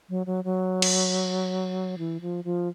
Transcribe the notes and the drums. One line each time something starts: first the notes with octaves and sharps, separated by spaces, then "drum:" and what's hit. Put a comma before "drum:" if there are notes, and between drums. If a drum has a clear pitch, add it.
F#3
F#3
F#3
drum: cymbal
E3
F3
F3